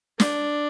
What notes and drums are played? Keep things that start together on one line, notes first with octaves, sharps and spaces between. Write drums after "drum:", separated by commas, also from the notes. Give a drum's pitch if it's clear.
D4, drum: snare